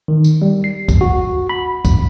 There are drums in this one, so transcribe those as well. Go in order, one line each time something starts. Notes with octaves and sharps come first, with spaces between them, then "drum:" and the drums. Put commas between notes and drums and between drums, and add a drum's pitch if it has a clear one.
D#3
drum: tambourine
G3
C7
drum: kick, tambourine
F#4
B5
drum: kick, tambourine